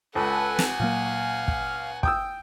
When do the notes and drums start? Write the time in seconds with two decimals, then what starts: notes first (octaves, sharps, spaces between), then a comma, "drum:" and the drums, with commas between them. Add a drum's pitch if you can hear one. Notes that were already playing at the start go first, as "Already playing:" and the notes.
0.15 C#2 A4 B4 F#5 G#5
0.59 drum: snare
0.80 A#2 F#3 A#3 F5
1.48 drum: kick
2.03 G5 D#6 E6, drum: kick